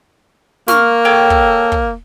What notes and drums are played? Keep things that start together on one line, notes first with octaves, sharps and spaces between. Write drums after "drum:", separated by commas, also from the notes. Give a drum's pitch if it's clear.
A#3 C#6 F6, drum: snare
A4 C#5 G5
drum: kick
drum: kick